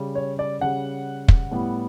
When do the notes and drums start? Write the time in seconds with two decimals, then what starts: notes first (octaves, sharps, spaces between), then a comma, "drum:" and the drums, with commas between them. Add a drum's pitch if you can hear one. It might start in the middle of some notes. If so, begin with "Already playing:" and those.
Already playing: C#3 G3 C#4
0.15 C#5
0.39 D5
0.61 C#3 G3 C#4 F#5
1.28 drum: kick
1.52 A2 G3 B3